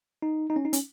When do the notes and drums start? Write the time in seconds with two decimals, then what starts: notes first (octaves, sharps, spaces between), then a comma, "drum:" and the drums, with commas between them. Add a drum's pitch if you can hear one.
0.22 D#4
0.50 D#4
0.56 C#4
0.65 D#4
0.73 C#4, drum: hi-hat